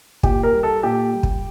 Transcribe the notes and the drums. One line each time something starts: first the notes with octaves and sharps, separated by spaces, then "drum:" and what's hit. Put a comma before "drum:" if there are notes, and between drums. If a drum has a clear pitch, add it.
A#2 G4, drum: kick
A#4
G3
A4
A#2 G4
G3
drum: kick